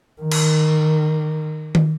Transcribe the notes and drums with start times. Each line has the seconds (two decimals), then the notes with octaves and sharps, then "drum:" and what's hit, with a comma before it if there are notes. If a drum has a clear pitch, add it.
0.22 D#3
0.32 drum: cymbal
1.75 drum: tom D#3